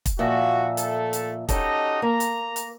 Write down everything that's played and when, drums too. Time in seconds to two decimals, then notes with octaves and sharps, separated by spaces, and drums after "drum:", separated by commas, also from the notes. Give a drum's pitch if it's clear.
0.06 drum: kick, hi-hat
0.19 A#2 F3 F#4 E5
0.77 A3 A4, drum: hi-hat
1.13 drum: hi-hat
1.49 C#4 D#4 F#4 G4 A4 D#5, drum: kick, hi-hat
2.02 A#3 A#5
2.20 drum: hi-hat
2.56 drum: hi-hat